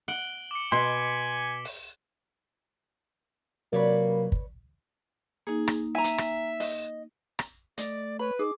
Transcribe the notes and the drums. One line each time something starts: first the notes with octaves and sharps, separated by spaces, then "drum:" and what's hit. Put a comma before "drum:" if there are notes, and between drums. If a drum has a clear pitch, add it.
F#5 D7 F#7 G7
D6 C#7
B2 G#5 C6 B6 C#7
drum: open hi-hat
C3 F#3 A#3 B4 C#5 D5
drum: kick
A#3 D#4 G#4
drum: rim click
E5 G#5 A#5
drum: hi-hat
drum: rim click
D#5, drum: open hi-hat
drum: rim click
A3 D5 D#5, drum: hi-hat
B4 C#5 B5
D#4 G#4 D6